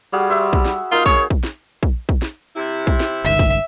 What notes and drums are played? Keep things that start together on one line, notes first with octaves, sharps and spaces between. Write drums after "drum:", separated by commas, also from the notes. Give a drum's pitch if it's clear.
G3 F#4 G#4 F5
C5 E5 E6
B5, drum: kick
drum: snare
A#3 D#4 F4 A#4
G#4 C#5, drum: kick
drum: kick
drum: snare
drum: kick
drum: kick
drum: snare
C3 E4
drum: kick
drum: snare
G1 C#2 D#3 E5
drum: kick